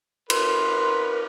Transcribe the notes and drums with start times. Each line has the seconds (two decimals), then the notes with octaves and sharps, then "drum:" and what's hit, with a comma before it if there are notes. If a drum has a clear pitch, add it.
0.30 A#4 B4 C6, drum: cymbal